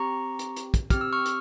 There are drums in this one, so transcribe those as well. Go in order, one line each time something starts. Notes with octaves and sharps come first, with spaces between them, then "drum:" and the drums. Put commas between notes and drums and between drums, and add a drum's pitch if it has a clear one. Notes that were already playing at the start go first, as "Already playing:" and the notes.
Already playing: C4 G4 A#5 C#6
drum: hi-hat
drum: hi-hat
drum: kick, hi-hat
C4 G4 F6, drum: kick, hi-hat
E6
C#6 F6
drum: hi-hat